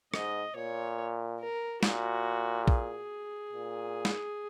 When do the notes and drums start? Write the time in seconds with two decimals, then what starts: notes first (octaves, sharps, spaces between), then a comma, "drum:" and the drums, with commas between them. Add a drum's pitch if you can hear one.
0.14 G#2 D#5, drum: rim click
0.56 A#2 C#5
1.40 A#4
1.83 A#2 F#4, drum: snare
2.68 G#4, drum: kick
3.53 A#2
4.05 drum: snare